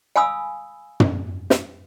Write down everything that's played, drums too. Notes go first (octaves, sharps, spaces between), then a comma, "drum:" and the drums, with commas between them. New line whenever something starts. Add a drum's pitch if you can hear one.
F5 G#5 B5 D#6 E6
drum: tom
drum: snare